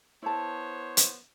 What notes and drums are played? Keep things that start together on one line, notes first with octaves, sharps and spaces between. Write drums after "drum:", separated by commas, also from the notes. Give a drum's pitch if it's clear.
B3 E4 C5 C#5 A5
drum: hi-hat